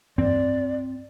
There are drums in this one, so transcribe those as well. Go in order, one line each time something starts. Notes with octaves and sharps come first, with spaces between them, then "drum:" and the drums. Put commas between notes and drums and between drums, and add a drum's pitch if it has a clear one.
C4 D5, drum: tom G2